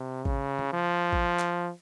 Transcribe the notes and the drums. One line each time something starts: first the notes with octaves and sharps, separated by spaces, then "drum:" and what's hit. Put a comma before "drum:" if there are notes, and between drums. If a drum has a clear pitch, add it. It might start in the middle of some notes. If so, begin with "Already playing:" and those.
Already playing: C3
C#3, drum: kick
drum: tom C#3
F3
drum: kick
drum: clap